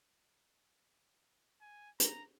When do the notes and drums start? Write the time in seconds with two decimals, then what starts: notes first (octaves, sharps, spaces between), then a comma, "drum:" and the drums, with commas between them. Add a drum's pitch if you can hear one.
1.61 G#5
2.00 A#5, drum: hi-hat